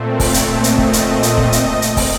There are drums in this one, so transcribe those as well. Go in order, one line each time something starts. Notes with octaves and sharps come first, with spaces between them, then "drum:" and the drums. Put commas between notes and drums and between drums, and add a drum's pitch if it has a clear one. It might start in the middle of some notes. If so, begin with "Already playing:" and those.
Already playing: A#2 A3 C4
C#5, drum: kick, open hi-hat
drum: hi-hat
D#5
drum: hi-hat
D#5, drum: kick
drum: hi-hat
drum: hi-hat
drum: kick
drum: hi-hat
drum: hi-hat
drum: kick, open hi-hat